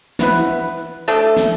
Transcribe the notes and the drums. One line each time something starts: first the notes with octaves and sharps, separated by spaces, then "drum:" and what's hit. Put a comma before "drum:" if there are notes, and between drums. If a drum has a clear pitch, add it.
B3 E4 B4, drum: snare
drum: hi-hat
drum: hi-hat
A3 D4 A4, drum: hi-hat
drum: snare